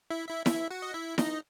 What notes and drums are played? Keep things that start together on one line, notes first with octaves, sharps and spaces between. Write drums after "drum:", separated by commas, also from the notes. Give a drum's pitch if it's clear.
E4 E5
E4 E5
E4 E5, drum: snare E4
F#4 F#5
D#5
E4 E5
D#4 D#5, drum: snare E4